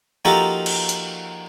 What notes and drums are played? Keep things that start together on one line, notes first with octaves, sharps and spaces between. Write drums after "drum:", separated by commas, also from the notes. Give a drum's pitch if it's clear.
F3 A#3 D#4 F#4 G4 A4
drum: cymbal
drum: hi-hat